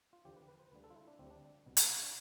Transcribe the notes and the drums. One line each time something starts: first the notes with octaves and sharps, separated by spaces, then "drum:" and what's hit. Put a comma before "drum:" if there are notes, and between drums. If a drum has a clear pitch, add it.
F4
E2 D3 F3 G4
B4
B4
C5
D2 D3 G3 B4
A4
F4
E4
D4
D2 D3 G3 C4
D4
C2 B2 G3
drum: hi-hat
D4